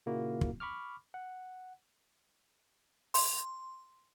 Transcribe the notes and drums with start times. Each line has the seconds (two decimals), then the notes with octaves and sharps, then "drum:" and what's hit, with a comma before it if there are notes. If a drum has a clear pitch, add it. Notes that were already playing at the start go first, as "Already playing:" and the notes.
0.06 A#2 C#3 A#3 E4 F#4
0.41 drum: kick
0.60 B5 C#6 D6 F6
1.14 F#5
3.14 C6, drum: open hi-hat